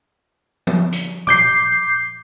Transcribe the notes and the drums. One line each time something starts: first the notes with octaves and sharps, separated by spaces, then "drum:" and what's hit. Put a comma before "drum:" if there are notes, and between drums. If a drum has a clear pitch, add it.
drum: tom F3
drum: hi-hat
D6 G6 C7, drum: tom